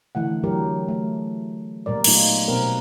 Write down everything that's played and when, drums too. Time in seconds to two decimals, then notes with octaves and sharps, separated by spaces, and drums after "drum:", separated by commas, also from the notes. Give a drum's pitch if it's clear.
0.15 D3 E3 A3 F#5
0.44 E3 F#3 G4 A#4
0.88 A3
1.86 A#2 G3 A#4 D5
2.04 F#3 A3 B3 D#4 F4, drum: cymbal
2.48 B2 B3 C4 A#4 B4